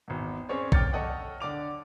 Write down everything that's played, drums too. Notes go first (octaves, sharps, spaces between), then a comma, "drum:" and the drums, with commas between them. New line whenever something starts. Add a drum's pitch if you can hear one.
G#1 E2
C4 C#4 G#4 C#5 D5
G5 D6 F6 A6 C#7, drum: kick A#1
A4 C#5 D#5 F#5 G5
D3 D5 D6 F7